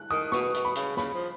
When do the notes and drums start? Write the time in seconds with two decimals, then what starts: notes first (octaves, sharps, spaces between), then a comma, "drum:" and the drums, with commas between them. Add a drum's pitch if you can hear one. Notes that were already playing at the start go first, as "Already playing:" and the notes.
Already playing: F#6
0.11 D#3 D#6
0.32 B2 C#6, drum: snare
0.54 B2, drum: hi-hat
0.65 B5
0.75 C#3, drum: hi-hat
0.97 C#3 B5, drum: snare
1.14 F3